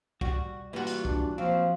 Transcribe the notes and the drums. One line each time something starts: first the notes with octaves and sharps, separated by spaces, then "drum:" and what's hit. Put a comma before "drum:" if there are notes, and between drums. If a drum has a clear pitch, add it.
G3 F#4, drum: kick
A#2 E3 G3 F4 F#4
drum: hi-hat
D4, drum: kick
A#2 F3 F#3 C4 F5